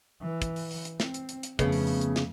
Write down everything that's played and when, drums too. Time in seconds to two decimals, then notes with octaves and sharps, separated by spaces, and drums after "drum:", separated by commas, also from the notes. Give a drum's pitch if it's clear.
0.22 E3
0.42 drum: kick, hi-hat
0.56 drum: open hi-hat
0.71 drum: open hi-hat
0.85 drum: hi-hat
1.00 C4, drum: snare
1.14 drum: hi-hat
1.29 drum: hi-hat
1.43 drum: hi-hat
1.59 F2 C#3 A3 B3, drum: kick, hi-hat
1.72 drum: open hi-hat
1.87 drum: open hi-hat
2.01 drum: hi-hat
2.16 drum: snare